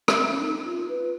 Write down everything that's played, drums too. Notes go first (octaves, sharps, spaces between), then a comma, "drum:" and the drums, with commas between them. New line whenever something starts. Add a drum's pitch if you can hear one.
C#4, drum: rim click
C4
C#4
D#4
F4
B4